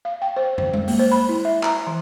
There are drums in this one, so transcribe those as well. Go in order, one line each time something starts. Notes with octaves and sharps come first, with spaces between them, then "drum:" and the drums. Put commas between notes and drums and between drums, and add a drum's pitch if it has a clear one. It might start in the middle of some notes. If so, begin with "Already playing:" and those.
F5
G5
C5
C5, drum: tom
G#3, drum: tom G3
A#3, drum: open hi-hat
C5
B5
E4
E5
A#5, drum: clap
E3